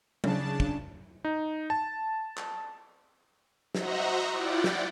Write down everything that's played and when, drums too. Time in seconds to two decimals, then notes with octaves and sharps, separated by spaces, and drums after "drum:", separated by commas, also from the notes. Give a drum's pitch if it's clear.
0.24 C#3 D4 A5, drum: tom F#3
0.60 drum: kick
1.24 D#4
1.70 A5
2.37 drum: clap
3.75 F#4 C5 D#5 E5 F#5 A#5, drum: snare
4.31 E4 F4 D5 F#5 G5
4.64 drum: snare